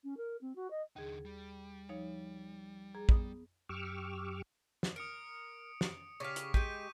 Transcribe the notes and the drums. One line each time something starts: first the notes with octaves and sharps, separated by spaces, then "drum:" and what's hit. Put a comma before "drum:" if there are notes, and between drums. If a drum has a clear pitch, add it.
C#4
A#4
C4
F#4
D#5
D#2 D3 D#4 G#4
G3
F3 D#4 C#5
G#4 A#5
B3 D#6, drum: kick
F#2 G4 C#6 D6 E6 F6
drum: snare
A#4 D#6 C#7 D7
drum: snare
C#3 G4 F5 C#6 D6 B6
drum: hi-hat
G#3 G4 G6 B6 D#7, drum: kick